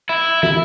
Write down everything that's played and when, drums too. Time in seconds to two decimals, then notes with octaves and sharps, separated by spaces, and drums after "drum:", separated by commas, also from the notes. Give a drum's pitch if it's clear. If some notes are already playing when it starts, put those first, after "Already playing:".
0.09 E4
0.43 E4, drum: tom